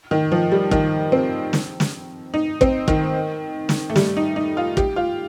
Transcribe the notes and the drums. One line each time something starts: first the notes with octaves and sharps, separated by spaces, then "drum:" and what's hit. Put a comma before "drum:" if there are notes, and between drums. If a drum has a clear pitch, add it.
D#3
F3
G3
D#3, drum: kick
C4
drum: snare
drum: snare
D#4
C4, drum: kick
D#3, drum: kick
drum: snare
A3
G3, drum: snare
D#4
D#4
F4
G4, drum: kick
F4